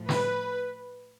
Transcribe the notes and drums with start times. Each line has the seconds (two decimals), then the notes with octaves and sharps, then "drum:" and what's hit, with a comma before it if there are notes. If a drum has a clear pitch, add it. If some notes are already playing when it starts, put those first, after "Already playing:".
Already playing: A2 F3
0.09 B4, drum: snare